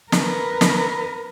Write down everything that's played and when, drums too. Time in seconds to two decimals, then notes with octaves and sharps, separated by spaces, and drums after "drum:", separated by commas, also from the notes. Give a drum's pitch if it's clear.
0.12 A#4 B4, drum: snare
0.61 drum: snare